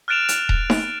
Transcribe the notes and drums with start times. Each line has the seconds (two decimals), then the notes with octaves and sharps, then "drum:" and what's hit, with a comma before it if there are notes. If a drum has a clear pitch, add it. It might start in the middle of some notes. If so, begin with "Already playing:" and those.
0.08 F6 F#6 A6 D7 E7 F7
0.29 drum: hi-hat
0.49 drum: kick D#1
0.70 drum: snare D#4